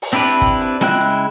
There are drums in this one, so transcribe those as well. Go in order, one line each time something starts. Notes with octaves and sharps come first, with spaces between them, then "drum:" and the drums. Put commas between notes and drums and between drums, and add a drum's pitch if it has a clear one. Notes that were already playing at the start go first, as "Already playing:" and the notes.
drum: open hi-hat
C4 D4 E4 G4 B4
drum: kick, hi-hat
drum: hi-hat
C#3 G#3 E4 G5 F#6, drum: snare
drum: hi-hat